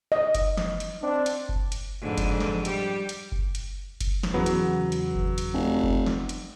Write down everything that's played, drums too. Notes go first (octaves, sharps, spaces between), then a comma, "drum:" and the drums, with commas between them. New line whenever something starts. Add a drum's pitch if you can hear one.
D#5
drum: kick F#1, hi-hat
drum: snare
drum: hi-hat
C4 D4
drum: hi-hat
drum: kick F#1
drum: hi-hat
F2 G#2 D3
drum: kick F#1, hi-hat
drum: snare
G3 G4, drum: hi-hat
drum: hi-hat
drum: kick F#1
drum: hi-hat
drum: kick F#1, hi-hat
drum: snare
E2 C#3 F#3 B3
drum: hi-hat
drum: hi-hat
drum: kick F#1
drum: hi-hat
F1
drum: kick F#1
drum: snare
drum: hi-hat